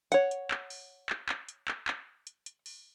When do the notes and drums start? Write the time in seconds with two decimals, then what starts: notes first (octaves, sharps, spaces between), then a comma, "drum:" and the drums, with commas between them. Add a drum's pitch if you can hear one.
0.12 C#5 F#5, drum: hi-hat
0.31 drum: hi-hat
0.51 drum: clap
0.70 drum: open hi-hat
1.09 drum: clap
1.29 drum: clap
1.49 drum: hi-hat
1.68 drum: clap
1.88 drum: clap
2.27 drum: hi-hat
2.46 drum: hi-hat
2.66 drum: open hi-hat